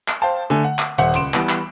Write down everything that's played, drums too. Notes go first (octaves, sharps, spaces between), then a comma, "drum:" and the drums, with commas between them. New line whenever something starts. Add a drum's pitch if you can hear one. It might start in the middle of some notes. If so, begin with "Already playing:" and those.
drum: clap
C5 F5 G5 A5
D3 A3 G#5
F#5
drum: clap
D#1 C5 E5 F#5 F#6 C#7, drum: hi-hat
C#2 C6 D7 E7, drum: hi-hat
E3 G3 B3, drum: clap
drum: clap